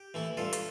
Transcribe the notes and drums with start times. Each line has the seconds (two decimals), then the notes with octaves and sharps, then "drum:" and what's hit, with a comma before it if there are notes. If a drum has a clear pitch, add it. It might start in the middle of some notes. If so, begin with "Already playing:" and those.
Already playing: G4
0.14 E3 A3 E4
0.37 G2 F4 A4
0.53 drum: hi-hat